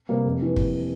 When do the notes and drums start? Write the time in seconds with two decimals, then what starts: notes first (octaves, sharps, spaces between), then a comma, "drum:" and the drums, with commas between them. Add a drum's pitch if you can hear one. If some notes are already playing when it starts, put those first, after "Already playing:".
0.09 C3 G3 A#3
0.25 F1
0.42 E3
0.56 drum: kick